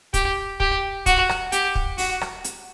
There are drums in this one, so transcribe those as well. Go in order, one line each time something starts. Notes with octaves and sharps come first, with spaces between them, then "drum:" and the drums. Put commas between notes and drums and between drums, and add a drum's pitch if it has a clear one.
G4, drum: kick, hi-hat
G4, drum: kick
F#4, drum: kick, hi-hat
drum: rim click
G4, drum: hi-hat
drum: kick
F#4, drum: open hi-hat
drum: rim click
drum: hi-hat